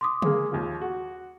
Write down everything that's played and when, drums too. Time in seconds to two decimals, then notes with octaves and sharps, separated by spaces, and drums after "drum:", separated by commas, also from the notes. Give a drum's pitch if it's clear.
0.01 C6 D6 D#6
0.22 C#3 G#3 A#3, drum: tom C#3
0.52 D#2 C#3 F3
0.81 F#4